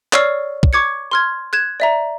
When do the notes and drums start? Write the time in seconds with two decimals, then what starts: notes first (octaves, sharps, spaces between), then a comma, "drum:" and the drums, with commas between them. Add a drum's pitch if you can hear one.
0.13 C#5 D5 C#6 E6 F6 C7, drum: clap
0.63 drum: kick
0.73 C#6 D6 G#6 C#7
1.11 C6 F6 G#6
1.53 F#6 G#6 E7
1.80 D5 E5 A#5